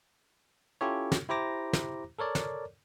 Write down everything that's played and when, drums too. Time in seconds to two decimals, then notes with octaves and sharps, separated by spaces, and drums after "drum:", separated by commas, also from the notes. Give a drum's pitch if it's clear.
0.81 C#4 E4 F4 G4 A4 C#5
1.12 drum: snare
1.29 E4 G4 C5 A#5 D6 A#6
1.73 drum: snare
2.19 A4 A#4 C#5 D5
2.35 drum: snare